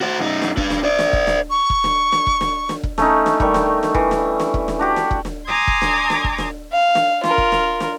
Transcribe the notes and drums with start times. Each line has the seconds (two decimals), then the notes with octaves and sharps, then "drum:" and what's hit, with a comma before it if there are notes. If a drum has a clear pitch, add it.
0.01 F#4 C5
0.21 F#2 D#4
0.42 drum: snare
0.57 D4 B4, drum: kick E1
0.70 drum: snare
0.84 C5 D5
0.99 drum: snare
1.13 drum: kick E1
1.27 drum: snare
1.50 C#6
1.70 drum: kick E1
1.84 drum: snare
2.12 drum: snare
2.27 drum: kick E1
2.41 drum: snare
2.69 drum: snare
2.83 drum: kick E1
2.98 A3 C#4 D#4, drum: snare
3.26 drum: snare
3.40 D#3 G3 C#6, drum: kick E1
3.54 drum: snare
3.83 drum: snare
3.94 E3, drum: kick E1
4.11 drum: snare
4.40 drum: snare
4.54 drum: kick E1
4.68 drum: snare
4.79 D4 F#4 G4
4.96 drum: snare
5.11 drum: kick E1
5.25 drum: snare
5.46 G#5 A#5 C6 D6 D#6 G#6
5.67 drum: kick E1
5.82 drum: snare
6.10 drum: snare
6.24 drum: kick E1
6.38 drum: snare
6.73 F5
6.95 drum: snare
7.24 F4 A#4, drum: snare
7.38 drum: kick E1
7.52 drum: snare
7.81 drum: snare